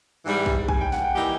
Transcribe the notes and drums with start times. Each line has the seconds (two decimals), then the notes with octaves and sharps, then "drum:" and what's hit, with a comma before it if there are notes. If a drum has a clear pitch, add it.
0.24 G#2 E3 G3
0.46 drum: kick
0.69 G#5, drum: kick
0.81 G5
0.92 F#5, drum: snare
1.04 G5
1.15 E3 G3 A#3 D#4 G4